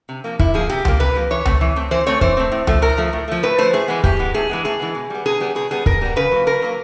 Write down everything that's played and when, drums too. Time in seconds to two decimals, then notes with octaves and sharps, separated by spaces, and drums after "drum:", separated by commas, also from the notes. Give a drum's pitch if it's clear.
0.09 C3
0.24 F3 A#3
0.39 C3 E4, drum: kick
0.54 F3 A#3 G#4
0.70 C3 G4
0.85 F3 A#3, drum: tom C#2
1.00 C3 B4
1.16 F3 A#3
1.31 E3 C#5
1.45 A3 C4, drum: tom C#2
1.61 E3
1.76 A3 C4
1.91 E3 C5
2.06 A3 C4 C#5
2.21 E3 C5, drum: kick
2.37 A3 C4
2.52 A2
2.67 F3 A3, drum: tom C#2
2.82 A2 A#4
2.98 F3 A3
3.13 A2
3.28 F3 A3
3.43 A2 B4
3.58 F3 A3 C5
3.73 A2 G#4
3.88 E3 G#3 B3
4.04 A2 G4, drum: kick
4.19 E3 G#3 B3
4.34 A2 G#4
4.49 E3 G#3 B3
4.64 A2 G#4
4.80 E3 G#3 B3
4.95 B2
5.10 G3 B3
5.26 B2 G#4
5.40 G3 B3
5.55 B2 G#4
5.71 G3 B3 G#4
5.86 B2 A#4, drum: kick
6.02 G3 B3
6.16 C#3 B4
6.31 F#3 A#3
6.46 C#3 A#4
6.62 F#3 A#3